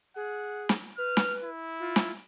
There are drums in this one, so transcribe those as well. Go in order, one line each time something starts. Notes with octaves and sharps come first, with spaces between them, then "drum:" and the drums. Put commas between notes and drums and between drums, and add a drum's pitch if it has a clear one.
G#4 F#5
drum: snare
B4 F6
drum: snare
E4
F4
drum: snare